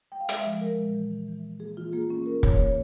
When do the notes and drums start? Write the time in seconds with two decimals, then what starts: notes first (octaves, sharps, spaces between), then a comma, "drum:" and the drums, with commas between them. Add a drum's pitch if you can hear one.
0.12 G5
0.20 F5
0.29 G#3 E5, drum: hi-hat
0.46 F3
0.61 G#3 A#4
0.78 A#2
0.95 E3
1.11 E3
1.28 E3
1.44 E3
1.60 A#3 G#4
1.77 E3 F4
1.93 A#3 G#4
2.09 A#3 C#4
2.26 A#3 A#4
2.43 E3 C#5, drum: kick
2.59 A#3 C#5